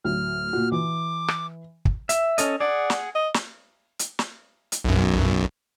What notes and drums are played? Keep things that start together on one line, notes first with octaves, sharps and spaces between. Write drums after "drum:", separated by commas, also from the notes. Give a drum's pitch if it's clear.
D2 A2 F#3 F6
A#2 F#4
E3 D6
drum: rim click
drum: kick
E5, drum: hi-hat
C#4 A4 D#5, drum: hi-hat
G#4 D5 F#5
drum: snare
D#5
drum: snare
drum: hi-hat
drum: snare
drum: hi-hat
B1 F#2